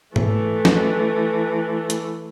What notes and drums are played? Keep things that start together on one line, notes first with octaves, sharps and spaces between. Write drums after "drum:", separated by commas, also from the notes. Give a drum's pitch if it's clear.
E3 A3, drum: tom G#2
drum: snare
drum: hi-hat